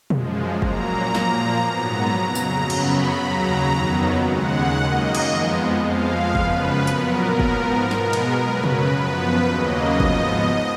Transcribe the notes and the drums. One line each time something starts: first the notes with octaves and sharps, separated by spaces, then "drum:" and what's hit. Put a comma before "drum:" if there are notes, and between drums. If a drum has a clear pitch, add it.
F#2 F3 G#3, drum: tom B2
A#2 F#3 A#3 A#5, drum: kick
A#2 F3 A#3, drum: snare
G#2 F#3 B3 A#5
F2 C#3 F#3 A#5
drum: tambourine
F#2 C#3 F#3 B3 B5, drum: cymbal
D#2 C#3 F#3 A#5
F2 D#3 F#3 B3
D#2 C#3 G#3 F#5
F#2 D#3 A#3 D#5
drum: cymbal
F2 F3 G#3 B3
F2 F3 G#3 F5
F#2 C#3 F3 B3 B4, drum: kick
A#2 F#3 B3 A#4, drum: hi-hat
G#2 F3 B3, drum: kick
B2 G#3 B3, drum: snare
drum: cymbal
F#2 C#3 F#3 B4
drum: tom B2
F#2 F3 B3 B4
D#2 C#3 F#3 A#3 D#5
G#2 F3 B3, drum: kick